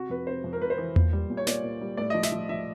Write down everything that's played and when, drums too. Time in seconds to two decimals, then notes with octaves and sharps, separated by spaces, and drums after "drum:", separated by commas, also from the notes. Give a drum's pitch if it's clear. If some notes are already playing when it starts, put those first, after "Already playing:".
Already playing: C3 F#4
0.10 F2 B4
0.27 C3 C5
0.44 F2
0.53 A#4
0.62 F2 B4
0.70 C5
0.78 E3
0.96 A#2, drum: tom E2
1.13 G3
1.30 A#2
1.37 C#5
1.47 A#2 D5, drum: snare
1.63 A#2
1.81 G3
1.97 A2 D5
2.10 F3 D#5
2.23 E5, drum: snare
2.32 F3
2.49 F3 E5